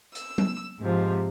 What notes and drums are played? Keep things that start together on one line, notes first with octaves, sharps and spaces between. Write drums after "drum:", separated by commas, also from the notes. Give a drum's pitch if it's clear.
E6, drum: hi-hat
drum: tom F#3
G#2 C3 F3